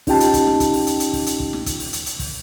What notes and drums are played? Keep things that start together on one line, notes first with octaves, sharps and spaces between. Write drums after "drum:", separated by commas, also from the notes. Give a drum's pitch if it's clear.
C#4 D#4 F4 G4 G5 A5, drum: kick, open hi-hat
drum: hi-hat
drum: kick, hi-hat
drum: snare
drum: kick, hi-hat
drum: open hi-hat
drum: hi-hat
drum: hi-hat
drum: kick, open hi-hat
drum: hi-hat
drum: kick
drum: snare
drum: kick, hi-hat
drum: open hi-hat
drum: hi-hat
drum: hi-hat
drum: kick, open hi-hat